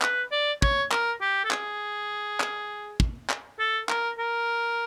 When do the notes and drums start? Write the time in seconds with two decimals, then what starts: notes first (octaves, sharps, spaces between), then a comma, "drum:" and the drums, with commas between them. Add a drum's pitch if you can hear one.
0.02 B4, drum: clap
0.32 D5
0.62 C#5, drum: kick
0.92 A#4, drum: clap
1.21 G4
1.45 A4
1.51 G#4, drum: clap
2.40 drum: clap
3.00 drum: kick
3.30 drum: clap
3.59 A4
3.89 A#4, drum: clap
4.19 A#4